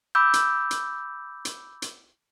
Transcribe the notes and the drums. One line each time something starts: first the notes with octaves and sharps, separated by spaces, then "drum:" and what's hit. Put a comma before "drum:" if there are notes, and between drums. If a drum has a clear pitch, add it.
B5 D6 E6 G6
drum: hi-hat
drum: hi-hat
drum: hi-hat
drum: hi-hat